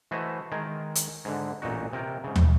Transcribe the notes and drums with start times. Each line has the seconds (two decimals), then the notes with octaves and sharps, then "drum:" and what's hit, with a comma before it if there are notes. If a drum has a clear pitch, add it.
0.11 E3 A3 F#4 C5 D#5 E5
0.52 D#3 G#3 G#4 A#4
0.95 drum: hi-hat
1.25 G#2 D3
1.62 A1 A#2 D#4 F#4
1.93 C3 A#4 G5
2.24 G#2 C#3
2.36 drum: tom